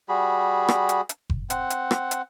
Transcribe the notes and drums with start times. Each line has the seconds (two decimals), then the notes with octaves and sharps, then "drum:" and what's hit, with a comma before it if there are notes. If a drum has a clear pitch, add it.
0.09 G3 F#4 G#4 B5
0.69 drum: rim click
0.89 drum: hi-hat
1.09 drum: hi-hat
1.30 drum: kick F#1
1.50 C4 F#5, drum: hi-hat
1.70 drum: hi-hat
1.91 drum: rim click
2.11 drum: hi-hat